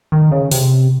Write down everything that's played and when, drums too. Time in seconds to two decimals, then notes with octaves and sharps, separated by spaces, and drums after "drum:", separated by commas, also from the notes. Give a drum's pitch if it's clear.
0.12 D#3
0.31 C#3
0.51 C3, drum: open hi-hat